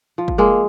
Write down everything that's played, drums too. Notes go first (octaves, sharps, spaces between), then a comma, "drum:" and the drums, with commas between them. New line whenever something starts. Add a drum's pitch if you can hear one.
F3
drum: kick
G#3 A#3